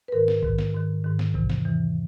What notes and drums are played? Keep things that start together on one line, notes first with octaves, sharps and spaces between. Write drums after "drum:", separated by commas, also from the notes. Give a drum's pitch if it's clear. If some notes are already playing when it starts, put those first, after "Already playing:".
B4
G#2 D#3 A#4
drum: snare
G#2 D#3, drum: kick A#1
drum: snare
G#2 D#3
G#2 D#3
drum: snare
E2 C3 E3, drum: kick A#1
drum: snare
E2 C3 E3